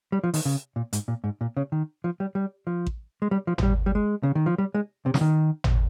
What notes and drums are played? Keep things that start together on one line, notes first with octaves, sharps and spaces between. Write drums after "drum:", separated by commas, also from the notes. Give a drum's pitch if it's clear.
G3
F3
D#3, drum: open hi-hat
C#3
A#2
G#2, drum: hi-hat
A#2
G#2
A#2
C#3
D#3
F3
G3
G3
F3
drum: kick A1
G#3
G3
F3
F3, drum: tom G#1
G3
G3
G#3
C#3
D#3
F3
G3
G#3
C3
C#3, drum: snare
D#3
drum: tom G#1